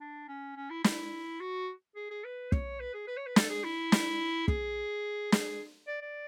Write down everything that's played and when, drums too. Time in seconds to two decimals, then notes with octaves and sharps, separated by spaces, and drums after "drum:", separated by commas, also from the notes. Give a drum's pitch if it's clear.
0.01 D4
0.28 C#4
0.56 C#4
0.70 E4
0.84 E4, drum: snare
1.40 F#4
1.96 G#4
2.10 G#4
2.24 B4
2.52 C#5, drum: kick
2.80 B4
2.94 G#4
3.07 B4
3.17 C#5
3.26 B4
3.36 A4, drum: snare
3.50 G#4
3.64 E4
3.92 drum: snare
4.48 G#4, drum: kick
5.32 G#4, drum: snare
5.88 D5
6.02 D5